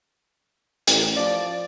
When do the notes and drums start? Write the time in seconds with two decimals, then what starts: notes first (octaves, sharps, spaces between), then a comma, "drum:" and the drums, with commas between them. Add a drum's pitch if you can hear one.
0.87 A1, drum: hi-hat
1.17 F3 D5